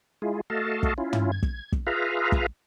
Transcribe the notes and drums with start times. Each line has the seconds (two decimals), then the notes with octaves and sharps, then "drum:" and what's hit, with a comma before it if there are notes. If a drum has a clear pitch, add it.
0.22 G#3 E4 F4 G#4
0.50 A3 F#4 A4 D#5 F5 A5
0.83 drum: kick
0.98 C#4 E4 F4
1.13 drum: tom
1.32 G#6
1.43 drum: kick
1.72 drum: kick
1.87 F4 G#4 B4 E5 F5 A#5
2.32 drum: kick